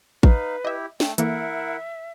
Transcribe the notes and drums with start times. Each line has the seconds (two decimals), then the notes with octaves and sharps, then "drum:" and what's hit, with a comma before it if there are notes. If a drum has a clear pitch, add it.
0.23 D#4 B4 F5, drum: kick A1
0.65 E4 G4 D#5 E5
1.00 A3 G5, drum: snare
1.18 E3 A#3 E4 A4 A#4 E5 F#5, drum: hi-hat